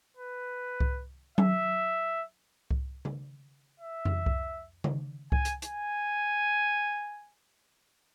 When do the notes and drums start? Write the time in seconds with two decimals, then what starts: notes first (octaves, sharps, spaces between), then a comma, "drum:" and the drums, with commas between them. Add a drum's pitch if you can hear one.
0.17 B4
0.80 drum: kick C2
1.38 E5, drum: tom F#3
2.71 drum: kick C2
3.05 drum: tom C#3
3.80 E5
4.05 drum: tom F2
4.26 drum: kick C2
4.84 drum: tom C#3
5.32 G#5, drum: kick C2
5.45 drum: hi-hat
5.62 G#5, drum: hi-hat